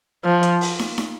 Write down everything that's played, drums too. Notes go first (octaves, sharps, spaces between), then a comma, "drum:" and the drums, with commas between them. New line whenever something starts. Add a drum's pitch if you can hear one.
F3
drum: hi-hat
drum: open hi-hat
drum: snare
drum: snare